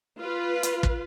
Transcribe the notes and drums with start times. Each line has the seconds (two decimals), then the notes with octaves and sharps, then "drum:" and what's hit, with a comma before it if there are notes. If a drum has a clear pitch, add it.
0.20 F4 B4
0.63 drum: hi-hat
0.83 drum: kick